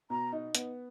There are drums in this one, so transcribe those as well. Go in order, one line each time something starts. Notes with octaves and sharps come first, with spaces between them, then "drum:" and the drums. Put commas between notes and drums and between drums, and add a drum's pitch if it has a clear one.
B2 A#5
D#4
B3, drum: hi-hat